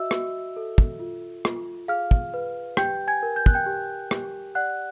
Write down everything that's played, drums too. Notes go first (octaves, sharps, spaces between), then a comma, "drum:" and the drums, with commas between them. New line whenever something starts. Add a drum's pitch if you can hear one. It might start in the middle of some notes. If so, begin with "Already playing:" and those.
Already playing: F#4 D#5 E5 E6
F#4, drum: rim click
A4
drum: kick
F4
F4, drum: rim click
G#4 F5 F6
drum: kick
B4
G4 G5 G6, drum: rim click
G#5 G#6
A#4
G6
F#6, drum: kick
G5 G6
G4
G4, drum: rim click
D5 F#5 F#6